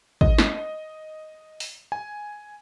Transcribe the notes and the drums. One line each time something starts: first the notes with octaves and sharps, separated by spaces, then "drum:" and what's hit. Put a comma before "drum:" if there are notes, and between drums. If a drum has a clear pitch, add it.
D#5, drum: kick
drum: snare
drum: open hi-hat
G#5